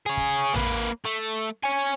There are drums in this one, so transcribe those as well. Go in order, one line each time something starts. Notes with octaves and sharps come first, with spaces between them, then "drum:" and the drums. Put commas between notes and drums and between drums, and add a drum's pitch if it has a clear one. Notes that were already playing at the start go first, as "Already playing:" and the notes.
G#4 C#5
drum: kick
A#3 B4, drum: tom A1
A3
C#5 G#5